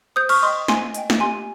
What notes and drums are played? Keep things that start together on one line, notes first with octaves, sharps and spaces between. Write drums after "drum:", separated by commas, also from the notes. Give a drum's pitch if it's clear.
C5 D#6 G6
C#6 F6, drum: cymbal
D#5 G5 C6 D#6
C5 G#5 C6, drum: snare
D#5 G5, drum: hi-hat
drum: snare
G4 G#5 C6